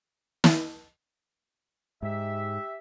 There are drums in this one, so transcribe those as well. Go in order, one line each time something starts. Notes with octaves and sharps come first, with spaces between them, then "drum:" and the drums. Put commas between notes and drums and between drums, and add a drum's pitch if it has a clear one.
drum: snare
G#2 G4 E5